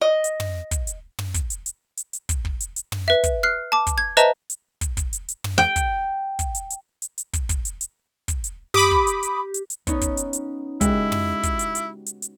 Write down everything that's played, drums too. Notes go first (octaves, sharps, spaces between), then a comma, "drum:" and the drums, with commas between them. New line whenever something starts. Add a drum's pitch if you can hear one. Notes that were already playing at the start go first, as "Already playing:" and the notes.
D#5
drum: hi-hat
drum: tom
drum: kick, hi-hat
drum: hi-hat
drum: tom
drum: kick, hi-hat
drum: hi-hat
drum: hi-hat
drum: hi-hat
drum: hi-hat
drum: kick, hi-hat
drum: kick
drum: hi-hat
drum: hi-hat
drum: tom
B4 E5
drum: kick, hi-hat
F6 F#6 C7
A5 D6
drum: kick, hi-hat
G#6
B4 C5 D#5 E5 A5 A#5, drum: hi-hat
drum: hi-hat
drum: kick, hi-hat
drum: kick, hi-hat
drum: hi-hat
drum: hi-hat
drum: tom
G5
drum: kick, hi-hat
drum: kick, hi-hat
drum: hi-hat
drum: hi-hat
drum: hi-hat
drum: hi-hat
drum: kick, hi-hat
drum: kick, hi-hat
drum: hi-hat
drum: hi-hat
drum: kick, hi-hat
drum: hi-hat
G4 B5 D6 D#6, drum: tom
drum: kick
drum: hi-hat
drum: hi-hat
drum: hi-hat
drum: hi-hat
B3 C#4 D#4, drum: kick, hi-hat
drum: kick, hi-hat
drum: hi-hat
drum: hi-hat
G#3 E4 F#4 G4, drum: kick, hi-hat
drum: tom
drum: kick, hi-hat
drum: hi-hat
drum: hi-hat
drum: hi-hat
drum: hi-hat